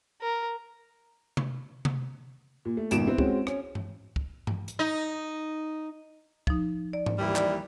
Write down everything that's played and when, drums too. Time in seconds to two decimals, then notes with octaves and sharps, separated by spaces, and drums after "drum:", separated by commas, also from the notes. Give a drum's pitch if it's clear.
0.22 A#4
1.37 drum: tom C3
1.85 drum: tom C3
2.65 A#2
2.77 A3
2.91 G#1 F2 G#2 B2 D7 E7, drum: hi-hat
3.07 B3 C4 E4
3.18 G#3 C4 C#4 F#4, drum: kick
3.47 C#4, drum: rim click
3.75 drum: tom G2
4.16 drum: kick
4.47 drum: tom G2
4.68 drum: hi-hat
4.79 D#4
6.47 F3 D#4, drum: kick
6.93 D5
7.06 drum: tom G#2
7.18 D#2 E3 G3
7.36 D5, drum: clap